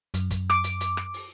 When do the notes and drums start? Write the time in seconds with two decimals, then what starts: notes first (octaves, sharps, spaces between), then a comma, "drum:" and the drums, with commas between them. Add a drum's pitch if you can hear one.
0.14 F#2, drum: hi-hat
0.30 drum: kick, hi-hat
0.50 D6, drum: rim click
0.64 drum: hi-hat
0.80 drum: hi-hat
0.97 drum: rim click
1.14 drum: open hi-hat